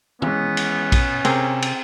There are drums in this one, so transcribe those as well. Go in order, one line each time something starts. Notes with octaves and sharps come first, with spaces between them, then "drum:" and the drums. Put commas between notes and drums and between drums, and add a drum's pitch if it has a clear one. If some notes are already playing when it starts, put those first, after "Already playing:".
E3 G#3 B3 C#4, drum: tom
drum: cymbal
drum: kick A#1, cymbal
C3 C4 G#4 A#4, drum: cymbal
drum: cymbal